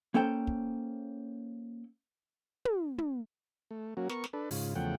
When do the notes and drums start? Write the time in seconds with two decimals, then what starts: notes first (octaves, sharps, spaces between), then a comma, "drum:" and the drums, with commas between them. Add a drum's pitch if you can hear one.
0.14 A#3 C#4 A4 C5 G5
0.47 drum: kick
2.65 drum: tom
2.98 drum: tom
3.71 A3
3.97 F#3 A#3 C#4 F#4
4.09 B3 A#4 C#6, drum: snare
4.24 drum: snare
4.33 D4 A4 B4
4.51 G#2 C#3 F4, drum: open hi-hat
4.75 E2 C#3 F3 A3 F#5 G5